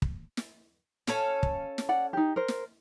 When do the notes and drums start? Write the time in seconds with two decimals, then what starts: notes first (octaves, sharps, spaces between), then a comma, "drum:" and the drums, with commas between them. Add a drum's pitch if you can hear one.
0.02 drum: kick
0.37 drum: snare
1.07 C#4 A4 F5, drum: snare
1.43 drum: kick
1.78 drum: snare
1.89 D5 F#5
2.13 D#4 G4
2.36 A#4 C5
2.48 drum: snare